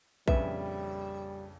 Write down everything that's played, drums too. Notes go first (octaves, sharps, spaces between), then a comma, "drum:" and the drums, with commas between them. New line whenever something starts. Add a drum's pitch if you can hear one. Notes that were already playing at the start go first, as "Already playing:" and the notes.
A#1 F2 C#3 G3 B4 E5, drum: kick A#1